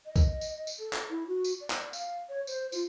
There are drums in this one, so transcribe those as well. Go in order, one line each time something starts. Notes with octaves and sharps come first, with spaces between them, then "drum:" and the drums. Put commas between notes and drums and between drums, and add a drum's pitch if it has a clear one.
D#5
drum: kick, tambourine
drum: tambourine
drum: tambourine
A4
drum: clap
E4
F#4
drum: tambourine
D5
drum: clap
F5, drum: tambourine
C#5
C5, drum: tambourine
F4, drum: tambourine